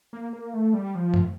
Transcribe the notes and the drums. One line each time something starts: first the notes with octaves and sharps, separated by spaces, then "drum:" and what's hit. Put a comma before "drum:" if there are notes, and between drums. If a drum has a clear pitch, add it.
A#3
A#3
A3
G3
F3
drum: tom F#2